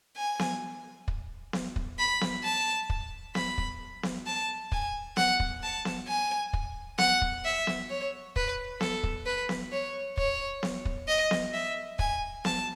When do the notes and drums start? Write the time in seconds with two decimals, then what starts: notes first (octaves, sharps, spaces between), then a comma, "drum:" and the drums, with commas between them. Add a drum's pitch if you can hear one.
0.17 G#5
0.39 drum: snare B3
1.08 drum: kick
1.53 drum: snare B3
1.76 drum: kick
1.99 B5
2.21 drum: snare B3
2.44 A5
2.90 drum: kick
3.35 B5, drum: snare B3
3.58 drum: kick
4.03 drum: snare B3
4.26 A5
4.72 G#5, drum: kick
5.17 F#5, drum: snare B3
5.40 drum: kick
5.62 A5
5.85 drum: snare B3
6.08 G#5
6.53 drum: kick
6.98 F#5, drum: snare B3
7.22 drum: kick
7.45 E5
7.67 drum: snare B3
7.90 C#5
8.36 B4, drum: kick
8.81 A4, drum: snare B3
9.03 drum: kick
9.26 B4
9.49 drum: snare B3
9.72 C#5
10.17 C#5, drum: kick
10.63 drum: snare B3
10.85 drum: kick
11.08 D#5
11.31 drum: snare B3
11.53 E5
11.99 G#5, drum: kick
12.45 A5, drum: snare B3